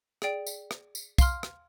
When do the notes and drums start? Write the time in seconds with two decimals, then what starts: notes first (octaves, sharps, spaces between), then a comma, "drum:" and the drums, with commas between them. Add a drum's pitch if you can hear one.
0.22 G#4 D5 G5, drum: rim click
0.47 drum: tambourine
0.71 drum: rim click
0.95 drum: tambourine
1.18 F5 C6 F6, drum: kick, tambourine
1.43 drum: rim click